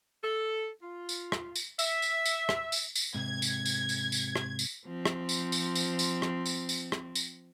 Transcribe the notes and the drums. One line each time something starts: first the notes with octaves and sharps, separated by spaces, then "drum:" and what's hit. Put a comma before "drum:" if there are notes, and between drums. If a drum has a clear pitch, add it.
A4
F4
drum: tambourine
drum: rim click
drum: tambourine
E5, drum: tambourine
drum: tambourine
drum: tambourine
drum: rim click
drum: tambourine
drum: tambourine
G#2 C3 G#6
drum: tambourine
drum: tambourine
drum: tambourine
drum: tambourine
drum: rim click
drum: tambourine
F3 C4
drum: rim click
drum: tambourine
drum: tambourine
drum: tambourine
drum: tambourine
drum: rim click
drum: tambourine
drum: tambourine
drum: rim click
drum: tambourine